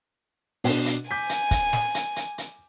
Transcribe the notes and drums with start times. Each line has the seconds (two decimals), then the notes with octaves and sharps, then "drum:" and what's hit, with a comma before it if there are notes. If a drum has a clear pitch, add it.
0.64 B2 D4, drum: open hi-hat
0.86 drum: hi-hat
1.11 G#5 D6 G6 B6
1.29 drum: hi-hat
1.51 drum: kick, hi-hat
1.73 drum: snare
1.95 drum: hi-hat
2.16 drum: hi-hat
2.38 drum: hi-hat